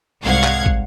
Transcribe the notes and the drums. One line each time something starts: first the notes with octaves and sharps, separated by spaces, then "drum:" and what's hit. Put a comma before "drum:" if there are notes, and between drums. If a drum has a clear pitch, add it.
C2 G#2 F5 F#5 G#6
drum: clap
drum: kick